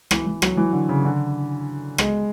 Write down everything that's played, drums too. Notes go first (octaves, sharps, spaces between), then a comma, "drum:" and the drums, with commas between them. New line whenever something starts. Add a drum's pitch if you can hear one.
E3, drum: rim click
E3
F#3, drum: rim click
E3
D3
C#3
D3
G#3, drum: rim click